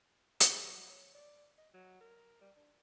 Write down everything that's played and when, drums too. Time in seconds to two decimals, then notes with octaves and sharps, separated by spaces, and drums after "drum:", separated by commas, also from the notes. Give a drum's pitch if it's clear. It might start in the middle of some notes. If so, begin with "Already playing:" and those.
0.40 D#4, drum: hi-hat
0.66 F#3
0.89 C#5
1.15 D5
1.58 D#5
1.74 F#3
2.00 A#4
2.41 G3
2.56 D4